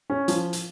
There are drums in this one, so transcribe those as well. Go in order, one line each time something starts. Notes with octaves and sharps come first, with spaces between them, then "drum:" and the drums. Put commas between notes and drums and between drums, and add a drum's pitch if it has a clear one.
C#4
F3, drum: hi-hat
drum: hi-hat